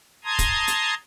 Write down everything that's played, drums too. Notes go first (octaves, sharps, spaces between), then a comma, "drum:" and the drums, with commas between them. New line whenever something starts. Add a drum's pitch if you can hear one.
A5 A#5 C6 D#6 G#6
drum: kick, hi-hat
drum: hi-hat